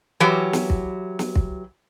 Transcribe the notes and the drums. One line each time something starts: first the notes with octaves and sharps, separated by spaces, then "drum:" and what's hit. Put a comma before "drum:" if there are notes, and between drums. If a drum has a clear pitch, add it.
E3 F#3 G4
drum: snare
drum: kick
drum: snare
drum: kick